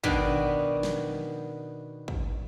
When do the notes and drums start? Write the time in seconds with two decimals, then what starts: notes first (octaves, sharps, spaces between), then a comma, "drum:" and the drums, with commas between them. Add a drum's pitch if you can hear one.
0.04 B2 D#3 B3 D4, drum: kick
0.83 drum: snare
2.08 drum: kick